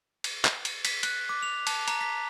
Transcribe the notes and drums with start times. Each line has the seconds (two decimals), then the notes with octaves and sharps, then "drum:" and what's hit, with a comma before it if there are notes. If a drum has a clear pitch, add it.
0.24 drum: cymbal
0.45 drum: clap
0.65 drum: cymbal
0.85 B6, drum: cymbal
1.03 F#6, drum: cymbal
1.29 D6
1.43 F7
1.67 A5, drum: cymbal
1.88 A#5, drum: cymbal
2.01 B6